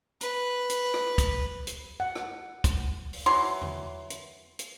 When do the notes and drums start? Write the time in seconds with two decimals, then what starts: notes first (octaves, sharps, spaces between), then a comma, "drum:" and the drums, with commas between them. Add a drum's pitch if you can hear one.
0.21 B4, drum: hi-hat
0.70 drum: hi-hat
0.94 drum: rim click
1.18 drum: kick, hi-hat
1.67 drum: hi-hat
2.00 F#5
2.16 drum: rim click
2.64 drum: kick, hi-hat
3.13 drum: open hi-hat
3.26 E3 F#3 C6
3.62 drum: tom E2
4.10 drum: hi-hat
4.59 drum: hi-hat